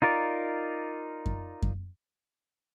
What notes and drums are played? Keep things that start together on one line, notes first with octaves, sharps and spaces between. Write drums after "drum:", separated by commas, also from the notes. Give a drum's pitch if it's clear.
D#4 F4 A#4 D5
drum: kick F#2
drum: kick F#2